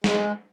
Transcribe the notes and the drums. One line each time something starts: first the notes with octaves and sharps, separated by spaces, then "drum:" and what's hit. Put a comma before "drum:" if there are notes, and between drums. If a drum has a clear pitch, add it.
G#3, drum: snare